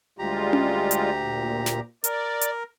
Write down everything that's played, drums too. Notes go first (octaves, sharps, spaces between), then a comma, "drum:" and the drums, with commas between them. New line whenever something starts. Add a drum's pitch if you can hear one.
D2 G3 G#3 F4 G4 A#5
drum: tom C#4
drum: hi-hat
A#2
drum: snare
A#4 D5, drum: hi-hat
drum: hi-hat